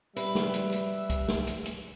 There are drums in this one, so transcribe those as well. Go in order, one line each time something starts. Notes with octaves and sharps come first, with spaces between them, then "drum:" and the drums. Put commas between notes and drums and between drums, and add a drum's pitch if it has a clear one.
G3 B4 E5, drum: hi-hat
drum: snare
drum: hi-hat
drum: hi-hat
drum: kick C2, hi-hat
drum: snare
drum: hi-hat
drum: hi-hat